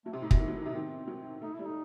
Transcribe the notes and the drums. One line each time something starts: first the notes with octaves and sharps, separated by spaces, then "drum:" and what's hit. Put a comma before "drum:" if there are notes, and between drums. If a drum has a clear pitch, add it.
F#3 A3
C3 C4
A2 D#4
B2 E4, drum: kick
D#3
F#3
E4
D#3
C3 D#4
D#3 C4
F#3
A3 D#4
E4
G3
D#4